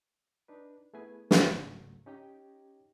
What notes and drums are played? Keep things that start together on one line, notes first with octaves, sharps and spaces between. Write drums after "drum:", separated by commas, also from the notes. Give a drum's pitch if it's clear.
D4 D#4 B4
A3 B3 E4 G#4 B4 G#5
drum: snare
C2 G#2 C#3 F#3 A3
C#4 D#4 G4 C#5 D#5 G5